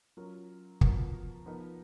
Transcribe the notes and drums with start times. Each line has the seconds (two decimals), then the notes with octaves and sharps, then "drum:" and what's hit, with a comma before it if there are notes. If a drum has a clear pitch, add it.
0.17 F#3 C#4 F4 A#4
0.81 F3 B3 F#4 A#4, drum: kick
1.46 F3 B3 D#4 A#4